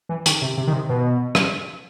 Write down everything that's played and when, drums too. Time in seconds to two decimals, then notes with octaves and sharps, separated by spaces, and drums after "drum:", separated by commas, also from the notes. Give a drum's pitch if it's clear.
0.09 E3
0.26 D#3, drum: hi-hat
0.42 C3
0.58 C3
0.67 D#3
0.73 C3
0.89 B2
1.35 drum: rim click